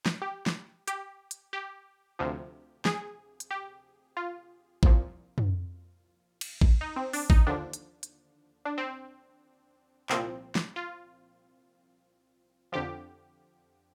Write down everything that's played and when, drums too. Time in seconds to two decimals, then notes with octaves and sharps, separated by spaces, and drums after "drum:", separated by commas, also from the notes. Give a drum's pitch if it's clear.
0.06 drum: snare
0.22 G4
0.46 drum: snare
0.88 G4, drum: hi-hat
1.31 drum: hi-hat
1.53 G4
2.19 D2 C3 F3
2.85 G#4, drum: snare
3.40 drum: hi-hat
3.51 G4
4.17 F4
4.83 C2 A#2 F3, drum: kick A1
5.38 drum: tom
6.41 drum: cymbal
6.61 drum: kick A1
6.81 D#4
6.96 C4
7.13 D4, drum: open hi-hat
7.30 D#4, drum: kick A1
7.47 D#2 D3 F3 D4
7.73 drum: hi-hat
8.03 drum: hi-hat
8.65 D4
8.78 C4
10.09 C2 A#2 F3 C4, drum: clap
10.55 drum: snare
10.76 F4
12.72 F2 D3 F3 G4